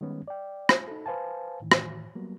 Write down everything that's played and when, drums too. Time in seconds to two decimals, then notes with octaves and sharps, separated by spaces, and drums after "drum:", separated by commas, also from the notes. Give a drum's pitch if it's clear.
0.01 D#3 G3 G#3 B3 C#4
0.28 D5 G5
0.69 drum: rim click
0.88 D#4 A4
1.06 B4 C5 F5 G#5 A5
1.62 A2 D#3 E3
1.72 drum: rim click
2.15 F#3 G3 A#3 B3